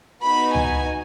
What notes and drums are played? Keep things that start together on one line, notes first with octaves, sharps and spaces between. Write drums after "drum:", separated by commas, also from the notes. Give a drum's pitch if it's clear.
B3 D#4 F#4 B5
G#5, drum: tom C#2